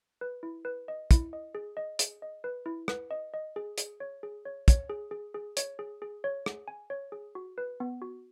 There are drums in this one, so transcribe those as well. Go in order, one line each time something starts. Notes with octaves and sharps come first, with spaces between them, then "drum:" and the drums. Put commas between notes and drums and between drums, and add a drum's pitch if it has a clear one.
B4
E4
B4
D#5
E4, drum: kick, hi-hat
D#5
G#4
D#5
G#4, drum: hi-hat
D#5
B4
E4
B4, drum: rim click
D#5
D#5
G#4
G#4, drum: hi-hat
C#5
G#4
C#5
C#5, drum: kick, hi-hat
G#4
G#4
G#4
C#5, drum: hi-hat
G#4
G#4
C#5
G#4, drum: rim click
G#5
C#5
G#4
F#4
B4
B3
F#4